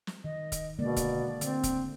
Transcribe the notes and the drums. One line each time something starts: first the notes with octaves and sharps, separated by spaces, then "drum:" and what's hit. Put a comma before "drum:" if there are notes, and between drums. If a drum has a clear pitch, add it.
drum: snare
D#3 D#5
drum: kick, hi-hat
B2 D3 G#3 A#3 D5
drum: kick, hi-hat
D3 A3 C4, drum: hi-hat
drum: kick, hi-hat